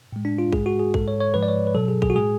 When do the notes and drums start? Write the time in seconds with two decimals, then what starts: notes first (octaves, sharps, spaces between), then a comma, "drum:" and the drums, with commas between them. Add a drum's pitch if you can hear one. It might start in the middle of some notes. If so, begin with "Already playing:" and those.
0.13 A2 G#3
0.25 D4
0.38 F4
0.52 G#2 G#3 G#4, drum: kick
0.66 F#4
0.80 G#4
0.94 G#2 G#3 A4, drum: kick
1.08 C#5
1.21 C#5
1.34 G#2 F3 G#3 B4
1.43 D5
1.48 C#5
1.67 B4
1.75 B2 F#3 A4
1.88 G#4
2.02 G#4, drum: kick
2.10 F#4
2.15 A2 G#3 G#4